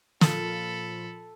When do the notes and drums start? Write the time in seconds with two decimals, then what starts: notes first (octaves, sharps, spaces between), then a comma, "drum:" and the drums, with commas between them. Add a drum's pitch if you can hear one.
0.21 A#2 F3 F4 A4 B5, drum: snare